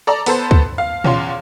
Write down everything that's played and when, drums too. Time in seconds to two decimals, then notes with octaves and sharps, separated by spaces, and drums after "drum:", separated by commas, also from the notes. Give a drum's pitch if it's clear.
0.07 A4 D5 A#5
0.26 B3 A4 C5, drum: open hi-hat
0.51 drum: kick C#2
0.78 F5
1.04 E2 C#4 F4 C6, drum: tom A#2